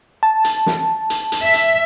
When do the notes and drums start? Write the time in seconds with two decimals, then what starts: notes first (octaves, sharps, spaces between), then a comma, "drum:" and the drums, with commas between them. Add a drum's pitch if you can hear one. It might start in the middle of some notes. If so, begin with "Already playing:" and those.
0.23 A5
0.45 drum: hi-hat
0.66 drum: snare
1.10 drum: hi-hat
1.32 drum: hi-hat
1.42 E5
1.54 drum: hi-hat